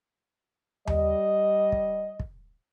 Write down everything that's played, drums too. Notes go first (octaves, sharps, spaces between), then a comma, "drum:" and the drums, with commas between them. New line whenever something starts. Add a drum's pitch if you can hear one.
G3 D#5, drum: tom D#2
drum: kick
drum: kick